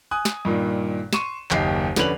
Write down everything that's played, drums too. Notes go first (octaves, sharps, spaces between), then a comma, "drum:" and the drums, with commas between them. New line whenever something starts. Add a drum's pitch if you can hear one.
G#5 D#6 F#6
drum: snare
G2 A#2 D#3
C6 C#6 D#7 E7, drum: snare
F#1 D#2 G4 D#5 C7, drum: clap
F1 D3 C#4 B4 F7 F#7, drum: snare